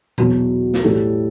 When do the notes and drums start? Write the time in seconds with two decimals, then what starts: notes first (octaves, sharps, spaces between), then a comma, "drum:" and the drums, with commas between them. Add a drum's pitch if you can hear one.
0.18 E2 B2 F#3, drum: tom A#2
0.74 drum: snare
0.83 A2 E3 G3 A4